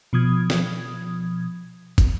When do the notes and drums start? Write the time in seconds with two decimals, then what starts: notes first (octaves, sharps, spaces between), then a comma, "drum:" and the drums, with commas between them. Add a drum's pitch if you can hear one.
0.13 B2 F3 D#6 G#6
0.50 drum: snare
1.98 drum: kick, hi-hat